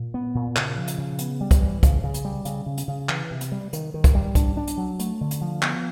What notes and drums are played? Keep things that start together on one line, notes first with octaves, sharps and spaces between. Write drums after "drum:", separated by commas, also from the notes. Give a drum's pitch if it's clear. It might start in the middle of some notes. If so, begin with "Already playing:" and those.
Already playing: A#2
B3
A#2
C#3, drum: clap
F3
drum: hi-hat
C#3
B3, drum: hi-hat
G3
drum: kick, hi-hat
E3
C#3, drum: kick, hi-hat
C#3
drum: hi-hat
G3
C#3, drum: hi-hat
C#3
drum: hi-hat
C#3
E3, drum: clap
C3
drum: hi-hat
G3
D#3, drum: hi-hat
D#3
drum: kick, hi-hat
G3
D4, drum: kick, hi-hat
D4
drum: hi-hat
F#3
A3, drum: hi-hat
D3
drum: hi-hat
F3
B3, drum: clap